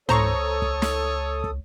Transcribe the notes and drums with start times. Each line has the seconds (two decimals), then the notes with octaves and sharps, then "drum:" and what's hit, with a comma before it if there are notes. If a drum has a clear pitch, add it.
0.09 C#2 A4 C5 C#5 A#5 C#6 D#6, drum: tom
0.62 drum: kick
0.82 drum: snare
1.44 drum: kick